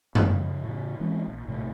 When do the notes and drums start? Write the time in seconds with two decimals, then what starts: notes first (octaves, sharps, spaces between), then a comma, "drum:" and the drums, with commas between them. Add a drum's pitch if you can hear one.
0.15 G1 C#2 A#3 C#4, drum: tom F#2
0.33 C#3 F3
0.63 A2 C#3
1.00 E3 G#3 C4 C#4
1.27 A#1
1.47 A#1 A2 C3 A3